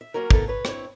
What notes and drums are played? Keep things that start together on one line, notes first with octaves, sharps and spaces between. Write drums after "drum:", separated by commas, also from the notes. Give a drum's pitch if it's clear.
E5
F#3 A#3 C#4 F#4 A#4
A3 B3 E4 A4 A#4, drum: kick
B4 C#5
C4 D4 E4 C#5, drum: rim click